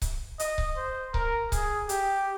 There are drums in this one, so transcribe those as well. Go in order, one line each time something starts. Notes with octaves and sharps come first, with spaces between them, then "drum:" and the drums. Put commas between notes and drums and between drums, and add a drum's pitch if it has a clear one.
drum: kick C#1, hi-hat
D#5, drum: hi-hat
drum: kick C#1
C5
A#4, drum: kick C#1
G#4, drum: kick C#1, hi-hat
G4, drum: hi-hat